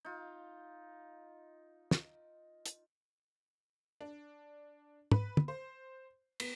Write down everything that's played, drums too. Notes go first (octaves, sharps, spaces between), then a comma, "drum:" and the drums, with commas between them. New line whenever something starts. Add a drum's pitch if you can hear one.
D#4 F4
drum: snare
drum: hi-hat
D4
B4, drum: tom
drum: tom
C5
B3, drum: cymbal